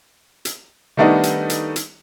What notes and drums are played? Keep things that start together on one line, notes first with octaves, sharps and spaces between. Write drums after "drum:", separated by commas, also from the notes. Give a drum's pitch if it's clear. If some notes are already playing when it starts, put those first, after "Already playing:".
drum: hi-hat
D#3 G3 A3 B3 D4 D#4
drum: hi-hat
drum: hi-hat
drum: hi-hat